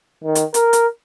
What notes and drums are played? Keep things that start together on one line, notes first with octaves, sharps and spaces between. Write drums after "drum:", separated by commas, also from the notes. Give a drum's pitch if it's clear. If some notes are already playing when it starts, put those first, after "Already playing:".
D#3
drum: hi-hat
A#4, drum: hi-hat
drum: hi-hat